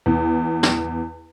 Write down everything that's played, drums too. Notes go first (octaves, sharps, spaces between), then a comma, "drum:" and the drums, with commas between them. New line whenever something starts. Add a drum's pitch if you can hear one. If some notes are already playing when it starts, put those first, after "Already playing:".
E2
drum: snare